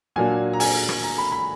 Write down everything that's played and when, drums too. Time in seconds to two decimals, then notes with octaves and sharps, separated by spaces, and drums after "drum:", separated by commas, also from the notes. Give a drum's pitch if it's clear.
0.16 A#2 F#3 A#3 D4 G#5
0.53 A#5
0.60 G#5, drum: open hi-hat
0.89 drum: rim click
1.03 A#5
1.18 B5
1.32 B5